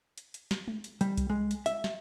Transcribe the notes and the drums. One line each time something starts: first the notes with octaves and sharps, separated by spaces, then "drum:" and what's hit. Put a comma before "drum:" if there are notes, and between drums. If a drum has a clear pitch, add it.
drum: hi-hat
drum: hi-hat
drum: snare
drum: tom G#3
drum: hi-hat
G3, drum: hi-hat
drum: kick C2, hi-hat
G#3
drum: hi-hat
E5, drum: hi-hat
drum: snare